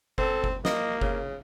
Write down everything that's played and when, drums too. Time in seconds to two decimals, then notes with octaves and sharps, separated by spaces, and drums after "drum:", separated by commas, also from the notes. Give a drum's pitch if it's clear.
0.18 C4 A4, drum: kick F#1
0.44 drum: kick F#1
0.65 A#3 D#5, drum: snare
1.01 C#3, drum: kick F#1